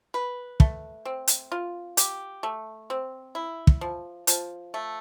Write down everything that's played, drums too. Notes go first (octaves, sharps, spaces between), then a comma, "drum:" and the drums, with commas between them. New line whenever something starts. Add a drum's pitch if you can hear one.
B4
A3, drum: kick
C4
drum: hi-hat
F4
G4, drum: hi-hat
A3
C4
E4
drum: kick
F3
F3, drum: hi-hat
A3